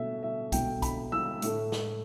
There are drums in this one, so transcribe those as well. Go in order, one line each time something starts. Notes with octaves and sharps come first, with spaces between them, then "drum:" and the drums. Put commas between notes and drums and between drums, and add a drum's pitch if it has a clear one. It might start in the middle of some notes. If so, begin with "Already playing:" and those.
Already playing: B2 A3 E5
E5
B2 A3 G5, drum: kick, hi-hat
B5, drum: kick, hi-hat
E6
A2 A3, drum: hi-hat
drum: snare